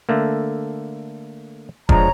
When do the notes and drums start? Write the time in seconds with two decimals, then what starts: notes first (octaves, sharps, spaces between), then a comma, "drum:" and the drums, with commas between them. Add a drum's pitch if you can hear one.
0.09 D3 A3 A#3
1.89 F3 G#3 D4 C#5 A#5, drum: kick E1